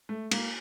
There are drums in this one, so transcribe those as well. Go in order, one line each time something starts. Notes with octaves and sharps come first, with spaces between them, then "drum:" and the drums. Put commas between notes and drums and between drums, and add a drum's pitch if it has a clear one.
A3
A#3, drum: cymbal